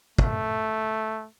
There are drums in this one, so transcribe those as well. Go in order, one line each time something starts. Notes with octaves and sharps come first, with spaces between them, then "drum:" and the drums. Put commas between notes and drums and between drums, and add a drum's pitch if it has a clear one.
A3, drum: kick